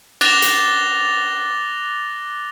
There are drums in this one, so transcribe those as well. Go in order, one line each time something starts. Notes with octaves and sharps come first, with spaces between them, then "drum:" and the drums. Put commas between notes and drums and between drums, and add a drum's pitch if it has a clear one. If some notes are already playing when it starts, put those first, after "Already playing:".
D6 F#6 A6 A#6 F7 G7, drum: cymbal
drum: hi-hat